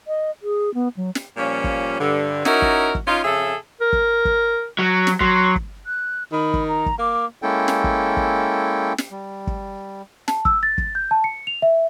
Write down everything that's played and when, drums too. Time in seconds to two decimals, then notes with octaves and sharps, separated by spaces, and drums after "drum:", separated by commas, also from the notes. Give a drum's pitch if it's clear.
0.08 D#5
0.43 G#4
0.74 B3
0.97 F#3
1.15 drum: snare
1.37 A#2 F3 G3 C#4
1.64 drum: kick
2.00 G2 D3
2.45 C#4 D#4 E4 F#4 A#4, drum: snare
2.62 drum: kick
2.95 drum: kick
3.07 C#4 D#4 F4
3.24 F2 C#3 G#4 A4 E5
3.81 A#4
3.93 drum: kick
4.25 drum: kick
4.79 F#3
5.07 drum: snare
5.21 F#3 C6, drum: kick
5.56 drum: kick
5.86 F#6
6.33 D#3 B5
6.54 drum: kick
6.68 A#5
6.86 drum: kick
6.99 A#3 D6
7.42 G#3 A#3 C#4 E4 A4 G5
7.68 drum: snare
7.84 drum: kick
8.17 drum: kick
8.98 drum: snare
9.11 G3
9.47 drum: kick
10.28 A5, drum: snare
10.45 E6, drum: kick
10.63 A6
10.78 drum: kick
10.95 G6
11.11 A5
11.24 C#7
11.47 F7
11.62 E5